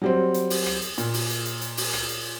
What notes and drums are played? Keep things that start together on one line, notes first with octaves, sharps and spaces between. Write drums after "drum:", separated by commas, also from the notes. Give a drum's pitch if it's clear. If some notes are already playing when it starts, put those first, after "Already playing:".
F#3 G3 C4
drum: hi-hat
drum: open hi-hat
drum: rim click
drum: hi-hat
A#2, drum: hi-hat
drum: open hi-hat
drum: hi-hat
drum: hi-hat
drum: hi-hat
drum: open hi-hat
drum: rim click
drum: hi-hat